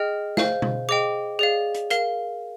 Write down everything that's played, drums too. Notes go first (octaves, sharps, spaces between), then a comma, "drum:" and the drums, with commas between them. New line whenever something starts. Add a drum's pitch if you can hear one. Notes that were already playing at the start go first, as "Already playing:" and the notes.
Already playing: G#4 D#5 G5 F6
C5 F5, drum: snare
drum: tom B2
G#4 D#5 G5 D6
G#4 D5 F5
drum: hi-hat
A#4 F5, drum: hi-hat